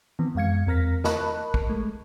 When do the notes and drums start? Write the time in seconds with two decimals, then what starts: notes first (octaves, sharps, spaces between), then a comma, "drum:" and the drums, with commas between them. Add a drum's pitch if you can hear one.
0.19 D#3 E3 B3 C4
0.35 F#2 G#3 F5 G#6 C#7
0.67 E2 C4 A#4 F6 A#6 B6
1.04 A#4 D#5 A5 B5 C#6 F#6, drum: snare
1.54 drum: kick
1.70 G#3 A3